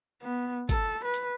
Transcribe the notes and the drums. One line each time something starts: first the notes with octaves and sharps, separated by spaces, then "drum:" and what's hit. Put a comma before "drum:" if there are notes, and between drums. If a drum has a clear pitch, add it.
B3
A4, drum: kick, hi-hat
B4
drum: hi-hat